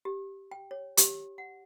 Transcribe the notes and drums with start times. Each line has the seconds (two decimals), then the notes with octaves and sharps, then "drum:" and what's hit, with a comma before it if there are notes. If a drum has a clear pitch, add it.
0.05 G4
0.51 G5
0.71 C#5
0.97 G4, drum: hi-hat
1.38 F#5